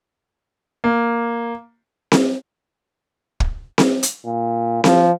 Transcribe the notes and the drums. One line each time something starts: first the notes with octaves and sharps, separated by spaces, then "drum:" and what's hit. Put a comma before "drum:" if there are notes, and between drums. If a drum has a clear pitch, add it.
A#3
drum: snare C4
drum: kick
drum: snare C4
drum: hi-hat
A#2
F3, drum: snare C4